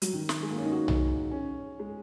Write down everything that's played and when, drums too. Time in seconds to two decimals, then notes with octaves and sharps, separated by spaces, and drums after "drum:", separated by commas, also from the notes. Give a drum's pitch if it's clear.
0.02 F#3, drum: hi-hat
0.13 D#3
0.29 drum: snare
0.43 G#3
0.51 A#3
0.58 C#4
0.65 D#4
0.72 F#4
0.88 drum: tom B1
1.31 C#4
1.79 G#3